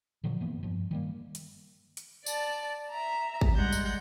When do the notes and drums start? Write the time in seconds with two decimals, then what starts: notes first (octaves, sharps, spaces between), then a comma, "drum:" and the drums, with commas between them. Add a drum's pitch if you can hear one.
0.24 A#2 D3 F3 F#3
0.41 F#2 E3 A#3 B3
0.63 G2 F3
0.91 D#3 G3 A#3
1.35 drum: hi-hat
1.97 drum: hi-hat
2.26 D5 A5, drum: tambourine
2.90 E5 A#5
3.41 drum: kick G#1
3.57 G3 G#3 F#5 G6 A#6
3.72 drum: tambourine